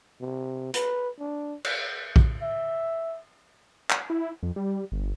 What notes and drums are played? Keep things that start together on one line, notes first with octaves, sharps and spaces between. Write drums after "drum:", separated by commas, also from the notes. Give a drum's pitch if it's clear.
C3
B4, drum: hi-hat
D4
drum: cymbal
drum: kick A#1
E5
drum: clap
E4
F2
G3
G1